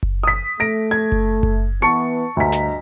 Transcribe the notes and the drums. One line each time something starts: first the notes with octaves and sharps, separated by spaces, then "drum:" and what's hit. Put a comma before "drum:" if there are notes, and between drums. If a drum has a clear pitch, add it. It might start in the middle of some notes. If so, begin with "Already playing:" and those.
drum: kick F#1
D#6 B6
A3 A#6 D7
G#6
drum: kick F#1
drum: kick F#1
E3 B3 A5 C#6 C#7
D2 G2 D#5 A#5 B6
drum: snare